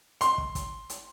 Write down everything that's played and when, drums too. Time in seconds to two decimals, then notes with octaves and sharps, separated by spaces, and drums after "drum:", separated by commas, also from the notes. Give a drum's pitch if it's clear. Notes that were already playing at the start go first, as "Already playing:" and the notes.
0.21 C6, drum: hi-hat
0.38 drum: kick
0.55 drum: kick, hi-hat
0.90 drum: hi-hat